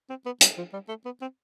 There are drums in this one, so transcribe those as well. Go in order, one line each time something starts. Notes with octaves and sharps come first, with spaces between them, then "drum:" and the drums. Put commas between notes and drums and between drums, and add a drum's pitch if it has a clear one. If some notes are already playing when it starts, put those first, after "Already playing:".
C4
B3
G3, drum: hi-hat
F3
G3
A3
B3
C4